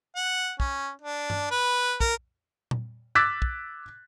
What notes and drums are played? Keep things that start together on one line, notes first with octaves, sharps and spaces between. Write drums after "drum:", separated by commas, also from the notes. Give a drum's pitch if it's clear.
F#5
C#4, drum: kick
D4
drum: tom G2
B4
A#4, drum: kick
drum: tom A#2
D6 E6 F#6 G#6 A6 B6
drum: kick